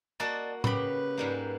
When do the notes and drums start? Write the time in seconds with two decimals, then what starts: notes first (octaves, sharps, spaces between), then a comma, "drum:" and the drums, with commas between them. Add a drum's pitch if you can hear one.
0.20 A#3 F#4 D5 D#5 A5
0.64 C#3 G4 B4 B5, drum: tom A2
1.17 G#2 G3 A#3